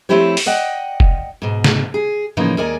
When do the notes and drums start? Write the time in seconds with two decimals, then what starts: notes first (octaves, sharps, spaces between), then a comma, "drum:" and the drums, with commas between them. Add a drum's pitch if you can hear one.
0.09 F3 A3 C4 E4 G4 C#5
0.37 drum: open hi-hat
0.46 D5 D#5 F#5 G5
1.00 drum: kick F1
1.42 G#2 B2
1.64 drum: snare
1.94 G#4
2.37 A2 C#3 E3 F3 A#3 D#4
2.57 D#2 G#3 A#4 D5 G#5